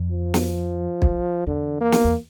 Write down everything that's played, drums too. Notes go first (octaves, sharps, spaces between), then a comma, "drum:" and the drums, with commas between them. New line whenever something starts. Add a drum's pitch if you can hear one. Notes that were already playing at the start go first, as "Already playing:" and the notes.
Already playing: F2
F3
drum: snare
drum: kick B1
E2 D3
A#3
drum: snare
E2